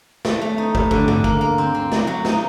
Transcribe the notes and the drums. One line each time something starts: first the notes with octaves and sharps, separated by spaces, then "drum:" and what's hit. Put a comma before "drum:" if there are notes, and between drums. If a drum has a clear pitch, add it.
A3, drum: snare
A3
D#4
A2, drum: kick
D3, drum: kick
D3, drum: tom G2
A#3, drum: kick
A#3
C4
C4
F#3, drum: snare
F#3
D#4, drum: snare